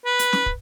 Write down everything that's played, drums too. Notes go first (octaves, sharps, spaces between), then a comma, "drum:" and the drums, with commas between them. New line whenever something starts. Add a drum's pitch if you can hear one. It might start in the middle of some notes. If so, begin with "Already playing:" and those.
B4
drum: hi-hat
drum: snare
drum: kick